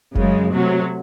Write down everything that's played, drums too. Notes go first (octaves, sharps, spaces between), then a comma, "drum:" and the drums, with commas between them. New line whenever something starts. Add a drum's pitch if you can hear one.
F#2 C#3 G#3, drum: kick F1
C3 F#3 A3